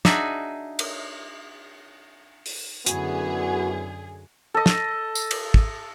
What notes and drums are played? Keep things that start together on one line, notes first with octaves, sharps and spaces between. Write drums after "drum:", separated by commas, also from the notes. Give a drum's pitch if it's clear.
D4 D#4 F#4 G#4 E5, drum: snare
drum: cymbal
drum: open hi-hat
F#2 D3 B3 E4 F#4 G#4, drum: hi-hat
A4 D#5
drum: snare
drum: tambourine
drum: cymbal
drum: kick